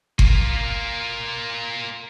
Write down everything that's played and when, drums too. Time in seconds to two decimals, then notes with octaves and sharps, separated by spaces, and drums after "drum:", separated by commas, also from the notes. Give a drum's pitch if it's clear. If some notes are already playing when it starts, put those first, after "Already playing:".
0.19 A#3 F4, drum: kick G1